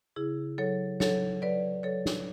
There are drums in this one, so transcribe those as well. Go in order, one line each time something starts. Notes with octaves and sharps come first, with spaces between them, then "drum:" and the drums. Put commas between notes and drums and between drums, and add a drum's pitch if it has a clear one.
C#3 E4 G#4
F#3 A4 C#5
F#3 A4 C#5, drum: snare
F#3 B4 D5
F#3 A4 C#5
drum: snare